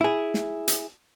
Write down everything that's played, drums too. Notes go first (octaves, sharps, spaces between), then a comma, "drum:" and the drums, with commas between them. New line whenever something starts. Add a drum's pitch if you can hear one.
E4 G#4
drum: snare
drum: hi-hat